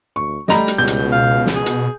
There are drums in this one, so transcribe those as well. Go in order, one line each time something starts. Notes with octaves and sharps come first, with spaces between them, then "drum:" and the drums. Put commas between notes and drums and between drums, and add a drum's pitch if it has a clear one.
D2 C#6
G3 A3 D#5 A#5 B5, drum: snare
drum: hi-hat
C#2 B2 G6
drum: hi-hat
F5
drum: snare
G#4
drum: hi-hat